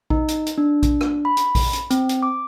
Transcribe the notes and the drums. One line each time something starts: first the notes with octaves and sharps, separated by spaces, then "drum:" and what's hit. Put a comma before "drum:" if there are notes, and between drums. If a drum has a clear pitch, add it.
D#4, drum: kick A#1
drum: hi-hat
drum: hi-hat
D4
drum: kick A#1, hi-hat
drum: rim click
B5
drum: hi-hat
drum: kick A#1, open hi-hat
drum: hi-hat
C4, drum: hi-hat
drum: hi-hat
D6